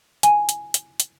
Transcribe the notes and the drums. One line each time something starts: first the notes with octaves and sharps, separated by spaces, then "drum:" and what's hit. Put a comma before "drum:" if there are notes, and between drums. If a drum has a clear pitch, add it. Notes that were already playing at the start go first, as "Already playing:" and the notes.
G#5, drum: hi-hat
drum: hi-hat
drum: hi-hat
drum: hi-hat